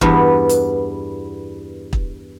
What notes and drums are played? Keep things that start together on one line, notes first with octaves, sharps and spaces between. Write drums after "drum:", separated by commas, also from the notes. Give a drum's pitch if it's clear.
E2 G2 B3, drum: kick
drum: hi-hat
drum: kick